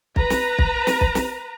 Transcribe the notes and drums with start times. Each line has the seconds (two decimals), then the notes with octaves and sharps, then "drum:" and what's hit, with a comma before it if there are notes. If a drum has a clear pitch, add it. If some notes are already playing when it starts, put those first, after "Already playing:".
0.16 B4 A#5, drum: kick B1
0.30 drum: snare
0.59 drum: kick B1
0.87 drum: snare
1.01 drum: kick B1
1.15 drum: snare